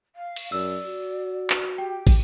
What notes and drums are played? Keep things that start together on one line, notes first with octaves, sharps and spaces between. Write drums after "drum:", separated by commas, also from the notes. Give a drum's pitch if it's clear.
F5
drum: cymbal
F#2 D5 E6
F#4
drum: clap
G4 G5
drum: kick, cymbal